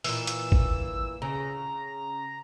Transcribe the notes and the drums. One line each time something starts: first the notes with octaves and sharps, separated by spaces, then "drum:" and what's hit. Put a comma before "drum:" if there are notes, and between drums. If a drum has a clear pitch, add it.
A#2 E3 E6, drum: open hi-hat
drum: hi-hat
drum: kick
C#3 A#5